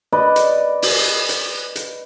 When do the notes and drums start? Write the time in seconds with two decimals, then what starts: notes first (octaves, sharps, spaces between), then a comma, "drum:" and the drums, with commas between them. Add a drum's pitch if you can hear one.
0.13 B4 D5 D#5
0.36 drum: hi-hat
0.82 drum: open hi-hat
1.29 drum: hi-hat
1.76 drum: hi-hat